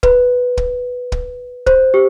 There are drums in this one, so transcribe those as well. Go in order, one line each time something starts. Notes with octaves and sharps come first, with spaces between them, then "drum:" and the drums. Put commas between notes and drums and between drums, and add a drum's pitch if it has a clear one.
B4, drum: kick
drum: kick
drum: kick
C5, drum: kick
G4